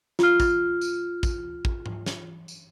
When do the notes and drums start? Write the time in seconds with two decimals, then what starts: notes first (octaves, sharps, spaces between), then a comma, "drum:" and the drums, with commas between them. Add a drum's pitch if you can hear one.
0.19 F4 F6, drum: snare
0.40 drum: kick, tambourine
0.81 drum: tambourine
1.23 drum: kick, tambourine
1.65 drum: kick
1.86 drum: tom G#2
2.06 drum: snare
2.48 drum: tambourine